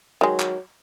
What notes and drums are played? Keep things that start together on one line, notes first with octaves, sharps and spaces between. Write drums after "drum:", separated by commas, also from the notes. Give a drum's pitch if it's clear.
D#3 F#3 G#3
drum: clap